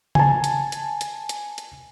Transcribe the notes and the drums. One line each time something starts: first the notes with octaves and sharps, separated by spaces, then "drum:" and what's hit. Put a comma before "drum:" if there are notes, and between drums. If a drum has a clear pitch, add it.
G#5 A5, drum: tom C#3
drum: hi-hat
drum: hi-hat
drum: hi-hat
drum: hi-hat
drum: hi-hat